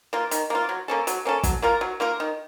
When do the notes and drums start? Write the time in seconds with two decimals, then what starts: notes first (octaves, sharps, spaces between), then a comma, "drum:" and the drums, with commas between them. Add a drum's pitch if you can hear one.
0.13 A#3 F4
0.31 D#3, drum: hi-hat
0.50 A#3 F4
0.69 F#3
0.88 A#3 C#4 A4
1.07 F#3, drum: hi-hat
1.25 A#3 C#4 A4
1.43 F#3, drum: kick, hi-hat
1.62 A#3 F4 A#4
1.81 F#3
2.00 A#3 F4 A#4
2.20 D#3